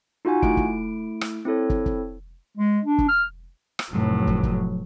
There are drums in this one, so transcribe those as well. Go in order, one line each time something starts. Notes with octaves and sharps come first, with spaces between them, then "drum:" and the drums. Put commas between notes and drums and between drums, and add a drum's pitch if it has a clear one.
D#4 F4 F#4 F#5 G#5
A3 E4 D7, drum: kick
drum: kick
drum: rim click
C4 E4 A4 C#5
drum: kick
drum: kick
G#3
D4
drum: kick
F6
drum: rim click
F1 A2 F#3
drum: kick
drum: kick